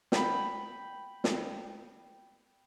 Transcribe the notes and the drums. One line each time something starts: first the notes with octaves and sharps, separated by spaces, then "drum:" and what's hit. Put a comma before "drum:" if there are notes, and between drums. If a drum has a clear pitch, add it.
G5 B5, drum: snare
drum: snare